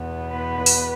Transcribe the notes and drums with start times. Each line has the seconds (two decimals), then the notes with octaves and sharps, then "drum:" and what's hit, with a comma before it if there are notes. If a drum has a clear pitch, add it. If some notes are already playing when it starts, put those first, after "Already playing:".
Already playing: E2 B2 B3
0.29 B4
0.66 drum: open hi-hat